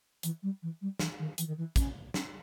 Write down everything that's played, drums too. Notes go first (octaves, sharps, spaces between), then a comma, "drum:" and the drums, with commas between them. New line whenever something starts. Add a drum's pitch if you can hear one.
E3, drum: hi-hat
G3
E3
G3
E3, drum: snare
D#3
E3, drum: hi-hat
D#3
E3
C#4, drum: kick, hi-hat
C#4, drum: snare